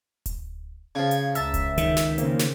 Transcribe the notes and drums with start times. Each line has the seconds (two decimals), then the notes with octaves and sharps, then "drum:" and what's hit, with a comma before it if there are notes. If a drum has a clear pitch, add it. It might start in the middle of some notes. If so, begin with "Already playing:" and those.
0.26 drum: kick D1, hi-hat
0.95 C#3 F3 G#6
1.11 drum: hi-hat
1.35 C#2 E5 A5 A#5, drum: hi-hat
1.54 drum: kick D1, hi-hat
1.78 D#3, drum: hi-hat
1.97 drum: snare
2.18 C#3 A#3 C4, drum: hi-hat
2.39 drum: snare